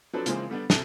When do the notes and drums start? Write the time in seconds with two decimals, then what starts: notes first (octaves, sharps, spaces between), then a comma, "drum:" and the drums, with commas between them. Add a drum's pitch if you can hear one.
0.13 F3 F#3 C4 D4 A4 B4
0.26 C#3 E3 F3 G#3 A#3 C4, drum: hi-hat
0.49 D3 G3 B3 D4
0.70 D2 C3 A3 A5 F#6, drum: snare